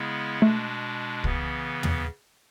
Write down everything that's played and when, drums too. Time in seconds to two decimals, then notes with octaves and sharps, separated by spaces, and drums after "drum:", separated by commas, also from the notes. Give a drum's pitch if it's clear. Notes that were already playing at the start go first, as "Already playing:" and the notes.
Already playing: C#3 G#3 B3 E4
0.41 B2 G#3 A3 D4
1.24 C#3 E3 B3, drum: kick C2
1.83 drum: tom